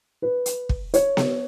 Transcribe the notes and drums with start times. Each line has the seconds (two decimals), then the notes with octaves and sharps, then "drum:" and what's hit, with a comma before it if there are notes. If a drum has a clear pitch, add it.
0.22 B4
0.46 drum: hi-hat
0.69 drum: kick
0.94 C#5, drum: hi-hat
1.17 drum: snare B3